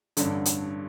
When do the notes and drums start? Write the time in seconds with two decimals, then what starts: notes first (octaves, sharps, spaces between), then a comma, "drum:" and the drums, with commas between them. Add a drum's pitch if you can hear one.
0.17 A1 G2 D3, drum: hi-hat
0.45 drum: hi-hat